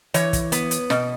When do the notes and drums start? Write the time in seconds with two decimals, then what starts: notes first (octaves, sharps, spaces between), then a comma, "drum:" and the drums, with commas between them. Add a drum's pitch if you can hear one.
0.14 E3 C#5, drum: hi-hat
0.33 drum: kick, hi-hat
0.52 B3, drum: hi-hat
0.71 drum: hi-hat
0.90 B2, drum: snare